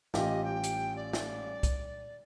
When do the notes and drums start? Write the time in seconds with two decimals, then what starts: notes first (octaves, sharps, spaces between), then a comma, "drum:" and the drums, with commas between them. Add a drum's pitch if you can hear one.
0.14 A1 F4 G4 D#5, drum: snare
0.44 G5
0.64 drum: hi-hat
0.96 D5
1.13 drum: snare
1.63 drum: kick, hi-hat